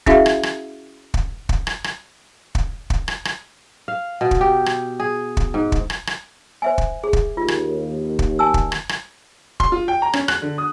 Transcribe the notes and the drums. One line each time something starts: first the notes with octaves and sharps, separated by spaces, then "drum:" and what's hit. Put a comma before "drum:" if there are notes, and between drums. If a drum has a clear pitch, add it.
C#4 E4 F#4 G#4 E5 F5, drum: kick
drum: rim click
drum: rim click
drum: kick
drum: kick
drum: rim click
drum: rim click
drum: kick
drum: kick
drum: rim click
drum: rim click
F5
B2
drum: kick
G4
drum: rim click
G#4
drum: kick
G#2
drum: kick
drum: rim click
drum: rim click
C5 E5 G#5
drum: kick
G#4
drum: kick
D#2 F4
drum: rim click
drum: kick
G#5 A5 E6
drum: kick
drum: rim click
drum: rim click
C6, drum: kick
F4
G5
A#5
C#4, drum: rim click
F#6, drum: rim click
D3
D#6